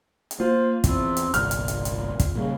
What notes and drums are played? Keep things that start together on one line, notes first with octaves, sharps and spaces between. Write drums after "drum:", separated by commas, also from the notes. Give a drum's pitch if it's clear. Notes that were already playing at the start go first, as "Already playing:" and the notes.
drum: hi-hat
A#3 F4 C5
E2 C4, drum: kick, hi-hat
drum: hi-hat
G1 C2 A#2 F6, drum: hi-hat
drum: hi-hat
drum: hi-hat
drum: hi-hat
drum: kick, hi-hat
A#2 C#3 G3